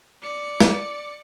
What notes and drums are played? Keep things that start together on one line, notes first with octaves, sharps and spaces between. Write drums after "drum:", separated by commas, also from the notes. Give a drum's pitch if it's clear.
D5 C#7
drum: snare